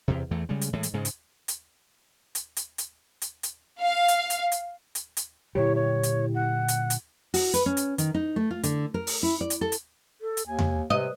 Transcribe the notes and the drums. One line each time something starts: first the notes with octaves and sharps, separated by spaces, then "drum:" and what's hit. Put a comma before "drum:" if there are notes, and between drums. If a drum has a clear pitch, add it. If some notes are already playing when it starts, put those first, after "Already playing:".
E2 C3
E2 E3 A3
C#3 G3 G#3
drum: hi-hat
A2 E3 G#3
drum: hi-hat
G#2 C#3 G#3
drum: hi-hat
drum: hi-hat
drum: hi-hat
drum: hi-hat
drum: hi-hat
drum: hi-hat
drum: hi-hat
F5
drum: hi-hat
drum: hi-hat
drum: hi-hat
drum: hi-hat
drum: hi-hat
A#2 D3 F#3 E4 G4 C#5
C#5
drum: hi-hat
F#5
drum: hi-hat
drum: hi-hat
F#4, drum: open hi-hat
B4, drum: hi-hat
C#4
drum: hi-hat
D#3, drum: hi-hat
D#4
A3
F4
D3, drum: hi-hat
A#4
drum: open hi-hat
E4
D5
drum: hi-hat
A4
drum: hi-hat
A4
drum: hi-hat
D#2 G#5
drum: tom E2
C3 B4 D#5